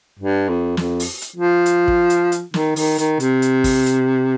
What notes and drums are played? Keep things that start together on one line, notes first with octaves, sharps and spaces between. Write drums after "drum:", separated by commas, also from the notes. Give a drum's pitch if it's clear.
G2
F2
F2, drum: snare
drum: open hi-hat
drum: hi-hat
F3
drum: hi-hat
drum: kick
drum: hi-hat
drum: hi-hat
D#3, drum: snare
D#3, drum: open hi-hat
D#3, drum: hi-hat
C3, drum: hi-hat
drum: hi-hat
drum: kick, open hi-hat
drum: hi-hat